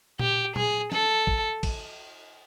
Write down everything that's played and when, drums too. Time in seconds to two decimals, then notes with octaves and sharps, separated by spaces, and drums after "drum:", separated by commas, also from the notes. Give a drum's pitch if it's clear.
0.19 G4, drum: tom A#2
0.56 G#4, drum: tom A#2
0.92 A4, drum: snare
1.27 drum: kick
1.63 drum: kick, cymbal